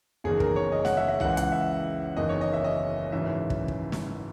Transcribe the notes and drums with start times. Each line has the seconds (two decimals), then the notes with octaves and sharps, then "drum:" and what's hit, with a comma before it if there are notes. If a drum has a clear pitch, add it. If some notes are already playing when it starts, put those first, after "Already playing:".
0.24 F#1 E2 D#3 G#4
0.40 A#4, drum: kick
0.56 C#5
0.72 D#5
0.85 F#5, drum: snare
0.97 E5
1.08 E5
1.20 C#2 C#3 E3 F#5, drum: tom C2
1.37 F#5, drum: hi-hat
1.52 E5
2.17 F#1 E2 D#3 D#5
2.29 C#5
2.41 D#5
2.53 E5
2.64 D#5
3.12 G#1 F#2 C#3 E3 E5
3.50 drum: kick
3.68 drum: kick
3.92 drum: snare